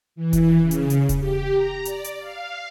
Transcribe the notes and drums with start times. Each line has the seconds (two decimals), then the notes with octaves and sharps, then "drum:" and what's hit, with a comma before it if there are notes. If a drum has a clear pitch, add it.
0.16 E3
0.33 drum: kick E1, hi-hat
0.61 C#3
0.71 drum: hi-hat
0.90 drum: hi-hat
1.09 drum: kick E1, hi-hat
1.19 G4
1.52 A#5
1.85 D5, drum: hi-hat
2.04 drum: hi-hat
2.19 F5